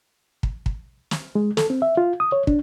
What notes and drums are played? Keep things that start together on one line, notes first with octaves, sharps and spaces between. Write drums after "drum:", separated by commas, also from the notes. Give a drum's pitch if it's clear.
drum: kick
drum: kick
drum: snare
G#3
A4, drum: snare
C4
E5
F4
D#6
C#5
D4, drum: kick